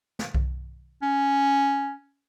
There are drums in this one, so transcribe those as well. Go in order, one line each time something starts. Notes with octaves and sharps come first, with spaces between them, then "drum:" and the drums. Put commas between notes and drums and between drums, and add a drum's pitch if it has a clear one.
drum: snare
drum: kick B1
C#4